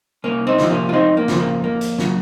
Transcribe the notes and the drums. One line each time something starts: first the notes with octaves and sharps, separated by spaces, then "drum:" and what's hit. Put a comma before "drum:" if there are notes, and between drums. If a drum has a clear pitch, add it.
C2 A#3 C#4
C4 D#4
C3 F3, drum: snare
A#3 C#4
F4
F2 C4 D#4
A#3
C#3 F3, drum: snare
A#3
F2 A#3
drum: hi-hat
C#3 F#3, drum: snare